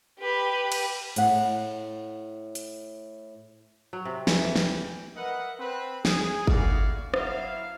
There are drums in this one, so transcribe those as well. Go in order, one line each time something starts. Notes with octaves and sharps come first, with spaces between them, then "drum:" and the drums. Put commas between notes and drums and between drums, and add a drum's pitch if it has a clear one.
G4 B4
drum: cymbal
A2 F#5, drum: hi-hat
drum: hi-hat
F#3
C3
E3, drum: snare
G5, drum: snare
A#4 B4 D#5 E5 F#5
C4 B4
G#4, drum: snare
A#2 D3 E4 F#4 D5 F5, drum: kick G1
F#3 E4 E5 F5, drum: rim click